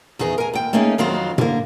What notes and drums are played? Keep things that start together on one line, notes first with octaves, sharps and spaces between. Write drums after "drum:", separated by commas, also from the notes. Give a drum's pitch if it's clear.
E2 D#3 G#4
A#4 G#5
D#2 G5
A3 A#3 C#4 D#4 G#4
F2 D#3 F#3 C4 F4 C5
D3 A#3, drum: tom A2